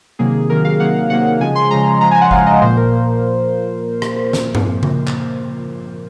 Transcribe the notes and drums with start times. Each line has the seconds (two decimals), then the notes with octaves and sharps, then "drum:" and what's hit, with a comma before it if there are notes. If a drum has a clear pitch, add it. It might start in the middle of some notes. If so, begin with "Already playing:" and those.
0.19 C3 D#3 F#3 A#3 G#4
0.50 C3 D#3 F#3 A#3 A#4
0.65 F5
0.80 C3 D#3 F#3 A#3 F#5
1.10 C3 D#3 F#3 A#3 F#5
1.41 C#3 F3 G#3 G#5
1.55 C6
1.71 C#3 F3 G#3 A#5
2.01 C#3 F3 G#3 A#5
2.11 G#5
2.21 F#5
2.31 C#3 F3 G#3 F5, drum: kick F#1
2.46 D#5
2.62 A#2 F3 A#3 C5
2.77 A#4
2.92 A#2 F3 A#3
4.02 drum: rim click
4.33 drum: snare
4.55 drum: tom G2
4.83 drum: tom C#3
5.07 drum: clap